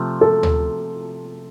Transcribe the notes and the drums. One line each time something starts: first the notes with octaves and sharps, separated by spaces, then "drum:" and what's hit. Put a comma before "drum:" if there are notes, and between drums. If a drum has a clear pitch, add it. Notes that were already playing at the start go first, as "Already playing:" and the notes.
Already playing: C3 F3 A3
A4
drum: tom